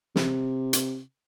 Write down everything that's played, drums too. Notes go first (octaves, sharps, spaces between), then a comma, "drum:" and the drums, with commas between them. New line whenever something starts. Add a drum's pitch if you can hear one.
C3, drum: snare
drum: hi-hat